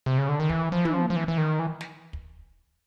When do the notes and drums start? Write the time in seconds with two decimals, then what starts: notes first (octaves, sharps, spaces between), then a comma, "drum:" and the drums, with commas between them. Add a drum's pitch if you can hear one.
0.06 C3
0.18 C#3
0.29 D3
0.40 D#3
0.49 E3, drum: kick
0.72 F3
0.85 E3, drum: tom
0.93 F3
1.10 F3
1.16 E3
1.28 E3
1.38 D#3
1.59 E3
1.81 drum: snare
2.13 drum: kick